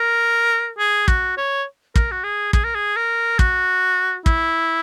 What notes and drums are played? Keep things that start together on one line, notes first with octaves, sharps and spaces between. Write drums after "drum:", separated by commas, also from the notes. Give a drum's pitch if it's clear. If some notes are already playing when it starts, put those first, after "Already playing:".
Already playing: A#4
G#4
F#4, drum: kick
C#5
A#4, drum: kick
F#4
G#4
G#4, drum: kick
A#4
G#4
A#4
F#4, drum: kick
E4, drum: kick